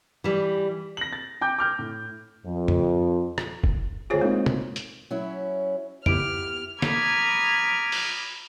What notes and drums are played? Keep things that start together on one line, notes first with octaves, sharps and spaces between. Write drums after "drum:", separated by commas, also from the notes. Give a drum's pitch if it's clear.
E3 G3
A#6 F#7
A6
G5 D6 G6
D6 F6 G6
A2
F2
drum: tom
drum: rim click
drum: kick
D2 F4 G#4 C5 C#5
G#3 A#3 C4 D#4
drum: tom
drum: hi-hat
F#3 C#4 E4
B3 E4 G4 F6 D7, drum: tom
A#5 B5 D6 D#6 F6 G#6, drum: snare
drum: open hi-hat